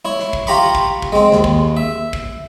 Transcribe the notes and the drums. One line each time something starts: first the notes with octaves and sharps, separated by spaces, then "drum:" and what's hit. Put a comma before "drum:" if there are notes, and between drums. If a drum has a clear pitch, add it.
E4 C#5
drum: snare
drum: kick
F4 G4 A#5 B5 C#6
drum: kick
drum: kick
G#3 C4
D#2, drum: snare
drum: kick
E5
drum: kick